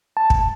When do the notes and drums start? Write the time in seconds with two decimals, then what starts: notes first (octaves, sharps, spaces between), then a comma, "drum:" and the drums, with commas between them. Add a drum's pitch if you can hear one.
0.17 A5
0.30 drum: kick